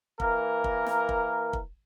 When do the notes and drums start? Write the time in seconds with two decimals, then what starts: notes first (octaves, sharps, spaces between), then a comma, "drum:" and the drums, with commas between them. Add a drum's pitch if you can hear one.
0.20 E3 A#3 A#4, drum: kick
0.64 drum: kick
0.86 drum: snare
1.09 drum: kick
1.53 drum: kick